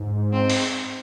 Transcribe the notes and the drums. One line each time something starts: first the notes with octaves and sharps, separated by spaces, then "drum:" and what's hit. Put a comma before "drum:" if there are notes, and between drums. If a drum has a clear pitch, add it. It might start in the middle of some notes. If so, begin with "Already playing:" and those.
Already playing: G#2
C4
drum: open hi-hat